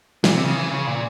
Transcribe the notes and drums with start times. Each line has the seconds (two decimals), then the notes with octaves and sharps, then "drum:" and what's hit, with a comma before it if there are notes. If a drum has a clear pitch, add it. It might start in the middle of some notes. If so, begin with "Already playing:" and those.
0.24 A#2, drum: snare
0.34 C3
0.45 C#3
0.55 E3
0.71 C#3
0.87 A#2